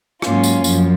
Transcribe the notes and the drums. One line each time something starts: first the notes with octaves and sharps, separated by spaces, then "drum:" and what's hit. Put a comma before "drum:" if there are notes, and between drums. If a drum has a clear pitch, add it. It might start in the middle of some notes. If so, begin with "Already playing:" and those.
G#2 F#3 A#3 C#4 F4, drum: rim click
drum: tambourine
F#2 F3, drum: tambourine